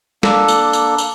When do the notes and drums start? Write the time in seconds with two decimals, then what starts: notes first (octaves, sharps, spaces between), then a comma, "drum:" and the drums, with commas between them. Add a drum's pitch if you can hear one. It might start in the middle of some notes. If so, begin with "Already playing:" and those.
0.23 A#3 D4 A4, drum: snare
0.48 drum: tambourine
0.73 drum: tambourine
0.98 drum: tambourine